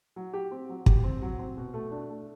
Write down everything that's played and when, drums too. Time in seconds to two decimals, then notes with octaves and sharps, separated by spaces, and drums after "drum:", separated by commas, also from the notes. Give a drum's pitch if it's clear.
0.16 F#3
0.33 G4
0.51 C4
0.69 F#3
0.86 G4, drum: kick
1.04 C4
1.22 F#3
1.39 C4
1.57 B2
1.74 A3
1.92 D4
2.10 A3